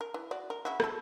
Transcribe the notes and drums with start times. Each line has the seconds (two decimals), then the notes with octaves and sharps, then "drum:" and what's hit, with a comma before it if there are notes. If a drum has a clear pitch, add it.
0.01 A#4
0.14 E3
0.31 F#4 D5
0.50 A#4
0.65 C#3 E4 F#4
0.80 F#3 A4, drum: rim click